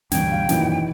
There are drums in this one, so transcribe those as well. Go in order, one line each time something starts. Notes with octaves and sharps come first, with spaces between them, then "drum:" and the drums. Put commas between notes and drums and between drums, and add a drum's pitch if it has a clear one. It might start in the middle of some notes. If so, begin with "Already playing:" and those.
E1 D2 G2 G5 G#6, drum: snare
F5
F#2 A#2 D#3 E3 F#3, drum: snare